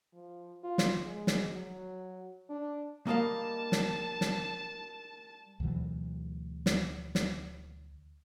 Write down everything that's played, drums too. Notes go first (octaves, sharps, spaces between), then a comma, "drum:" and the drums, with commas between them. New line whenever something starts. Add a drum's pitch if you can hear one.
F3
F4
drum: snare
G#3
drum: snare
F#3
D4
G3 A#3 A#4 D#5 F5 A5
drum: snare
drum: snare
D2 B2 E3 F#3
drum: snare
drum: snare